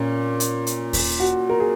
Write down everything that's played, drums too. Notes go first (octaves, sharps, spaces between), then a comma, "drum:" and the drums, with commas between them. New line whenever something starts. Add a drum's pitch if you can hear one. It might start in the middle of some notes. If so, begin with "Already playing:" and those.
Already playing: A#2 C#4
drum: hi-hat
drum: hi-hat
drum: kick D#2, open hi-hat
F#4
A#4
G#4